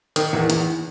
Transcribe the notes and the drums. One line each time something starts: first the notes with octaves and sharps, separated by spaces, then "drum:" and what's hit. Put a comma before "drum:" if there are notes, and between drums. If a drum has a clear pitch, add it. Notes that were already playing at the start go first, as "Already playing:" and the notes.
D#3, drum: hi-hat
E2
E2, drum: hi-hat